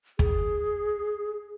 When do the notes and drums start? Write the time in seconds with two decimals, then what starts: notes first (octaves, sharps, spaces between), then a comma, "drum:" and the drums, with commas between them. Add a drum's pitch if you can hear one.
0.19 G#4, drum: kick